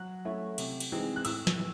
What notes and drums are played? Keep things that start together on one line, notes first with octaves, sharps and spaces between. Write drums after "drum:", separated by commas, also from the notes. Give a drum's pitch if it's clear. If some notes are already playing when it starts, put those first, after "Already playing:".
Already playing: F#3 F#6
A3 C#4 E4
C3, drum: cymbal
drum: cymbal
E3 G#3 C4 D#4
F#6
A2 E6, drum: cymbal
drum: snare
E3